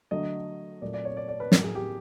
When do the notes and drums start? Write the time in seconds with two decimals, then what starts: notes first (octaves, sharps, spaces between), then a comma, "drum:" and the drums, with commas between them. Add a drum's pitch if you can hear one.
0.11 D3 F#3 A3 D#5
0.82 A#2 F#3 A3 D5
0.94 D5
1.05 C#5
1.17 D5
1.29 D5
1.40 B4
1.52 A2 F#3 A3 A#4, drum: snare
1.64 G#4
1.75 G4